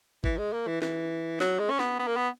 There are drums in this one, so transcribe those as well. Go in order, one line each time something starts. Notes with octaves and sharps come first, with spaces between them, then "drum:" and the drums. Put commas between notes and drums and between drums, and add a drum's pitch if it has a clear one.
E3, drum: kick
G#3
A#3
E3
E3, drum: snare
F#3, drum: snare
G#3
C#4
B3, drum: snare
B3
A#3
B3